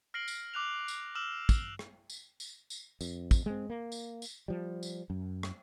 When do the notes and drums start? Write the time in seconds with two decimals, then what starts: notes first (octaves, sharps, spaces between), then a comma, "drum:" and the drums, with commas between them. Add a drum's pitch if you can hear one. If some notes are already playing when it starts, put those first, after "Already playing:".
0.14 F6 A#6 C7 D7 F#7
0.28 drum: tambourine
0.54 D6 F#6 F7
0.88 drum: tambourine
1.15 D6 E6 F6 E7 F#7
1.49 drum: kick, tambourine
1.79 drum: rim click
2.10 drum: tambourine
2.40 drum: tambourine
2.70 drum: tambourine
3.01 F2, drum: tambourine
3.31 drum: kick, tambourine
3.46 G#3 C4
3.70 A#3
3.92 drum: tambourine
4.22 drum: tambourine
4.48 F3 G3
4.83 drum: tambourine
5.10 F#2
5.43 drum: rim click